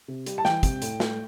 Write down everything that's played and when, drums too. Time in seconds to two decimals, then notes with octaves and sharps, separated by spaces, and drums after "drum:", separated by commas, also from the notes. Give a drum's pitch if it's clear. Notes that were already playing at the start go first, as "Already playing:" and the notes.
0.08 C3
0.26 G3, drum: hi-hat
0.38 A5
0.45 E3 G5, drum: snare
0.63 C3, drum: kick, hi-hat
0.82 A2, drum: hi-hat
1.00 A3, drum: snare